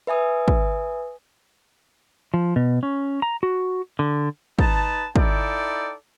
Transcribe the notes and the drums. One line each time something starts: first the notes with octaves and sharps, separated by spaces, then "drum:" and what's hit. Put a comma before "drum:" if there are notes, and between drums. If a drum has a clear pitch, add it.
B4 E5 G#5 D#6
drum: kick
F3
B2
C#4
A#5
F#4
D3
D#4 B4 A5, drum: kick
D#4 E4 A4 D5 G5, drum: kick